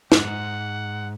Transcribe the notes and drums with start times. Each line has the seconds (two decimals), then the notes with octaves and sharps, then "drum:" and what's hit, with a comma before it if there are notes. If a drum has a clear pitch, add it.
0.12 G#2 F#5, drum: snare